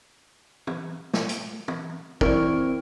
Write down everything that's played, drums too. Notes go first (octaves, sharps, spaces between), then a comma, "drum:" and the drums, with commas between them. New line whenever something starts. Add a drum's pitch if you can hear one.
drum: tom
drum: snare
drum: hi-hat
drum: tom
E3 C4 E4 A#4 C#5 D5, drum: kick